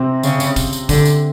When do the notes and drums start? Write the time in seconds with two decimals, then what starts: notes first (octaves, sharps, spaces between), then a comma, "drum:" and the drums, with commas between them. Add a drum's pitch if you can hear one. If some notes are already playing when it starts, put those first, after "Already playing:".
Already playing: C3 C4
0.23 C#3, drum: tambourine
0.40 drum: tambourine
0.56 drum: kick, tambourine
0.73 drum: tambourine
0.89 D3, drum: kick, tambourine
1.05 drum: tambourine